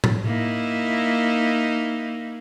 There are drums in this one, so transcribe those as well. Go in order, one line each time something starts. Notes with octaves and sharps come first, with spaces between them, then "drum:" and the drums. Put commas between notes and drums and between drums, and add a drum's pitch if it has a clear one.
drum: tom A2
A#3 D#4 E4